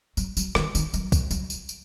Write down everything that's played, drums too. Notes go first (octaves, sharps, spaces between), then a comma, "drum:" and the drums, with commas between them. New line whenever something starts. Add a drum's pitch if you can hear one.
F#3, drum: tambourine
F#3, drum: tambourine
D#3, drum: rim click
D#3, drum: tambourine
F#3, drum: tambourine
drum: kick, tambourine
F#3, drum: tambourine
drum: tambourine
drum: tambourine